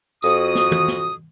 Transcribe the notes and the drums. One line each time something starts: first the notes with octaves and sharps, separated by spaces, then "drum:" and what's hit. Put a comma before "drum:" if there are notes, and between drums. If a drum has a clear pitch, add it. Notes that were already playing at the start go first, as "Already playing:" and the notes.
F2 F#4 D#6, drum: tambourine
drum: snare
drum: tom
drum: snare